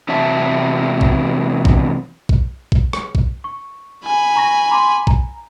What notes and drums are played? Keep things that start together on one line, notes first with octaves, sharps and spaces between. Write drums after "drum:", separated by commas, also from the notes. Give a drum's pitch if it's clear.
E2 C3 F#3 E5 A5
drum: kick A#1
drum: kick A#1
drum: kick A#1
drum: kick A#1
drum: rim click
drum: kick A#1
C#6
G#5 B5
A#5 C#6 A#6
A#5 C6 D6
A#5, drum: kick A#1